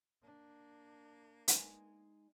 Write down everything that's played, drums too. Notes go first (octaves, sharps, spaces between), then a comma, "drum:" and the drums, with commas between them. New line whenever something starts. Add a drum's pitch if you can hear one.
A#3 D4
G#3 B3 D#4 A#4 G#5, drum: hi-hat